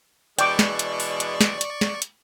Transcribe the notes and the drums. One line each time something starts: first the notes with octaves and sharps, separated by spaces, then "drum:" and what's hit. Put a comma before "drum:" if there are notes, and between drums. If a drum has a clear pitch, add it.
B2 E3 G#3 D5 G5 C#6 D6, drum: hi-hat
drum: snare
drum: hi-hat
drum: open hi-hat
drum: hi-hat
drum: snare
drum: hi-hat
drum: snare
drum: hi-hat